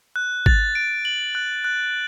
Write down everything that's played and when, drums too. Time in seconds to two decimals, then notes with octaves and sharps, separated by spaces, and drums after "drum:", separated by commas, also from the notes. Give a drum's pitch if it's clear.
0.16 F#6
0.46 A6, drum: kick G#1
0.75 D7
1.05 F#7
1.35 F#6
1.64 F#6